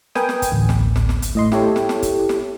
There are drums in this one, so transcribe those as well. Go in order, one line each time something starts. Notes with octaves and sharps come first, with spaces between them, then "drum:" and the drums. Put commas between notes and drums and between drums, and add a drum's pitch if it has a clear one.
A#4 B4 G5 G#5 D#6, drum: snare
drum: snare
drum: kick, hi-hat
A1 D2
drum: snare
drum: snare
drum: snare
drum: kick, hi-hat
A2 D#5 C6
E4 G4 A4 C#5, drum: snare
drum: snare
drum: snare
drum: kick, hi-hat
drum: snare